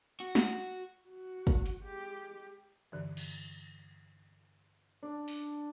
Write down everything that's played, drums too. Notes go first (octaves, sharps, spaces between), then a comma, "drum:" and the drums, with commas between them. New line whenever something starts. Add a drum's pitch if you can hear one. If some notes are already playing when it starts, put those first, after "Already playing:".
F#4
drum: snare
F#4
drum: kick
drum: hi-hat
G#3 G4
G2 D3 E3
drum: cymbal
D4
drum: open hi-hat